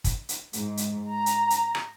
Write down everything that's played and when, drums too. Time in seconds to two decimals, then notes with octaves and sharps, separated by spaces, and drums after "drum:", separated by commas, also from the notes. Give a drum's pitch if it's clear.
0.04 drum: kick, hi-hat
0.29 drum: hi-hat
0.53 G#2, drum: hi-hat
0.77 drum: hi-hat
1.10 A#5
1.26 drum: hi-hat
1.50 drum: hi-hat
1.75 drum: rim click